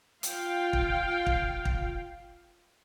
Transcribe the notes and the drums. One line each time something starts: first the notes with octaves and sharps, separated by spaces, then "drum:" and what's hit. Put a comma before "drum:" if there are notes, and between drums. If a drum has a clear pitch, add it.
F4 F5 G5, drum: hi-hat
drum: kick
drum: kick
drum: kick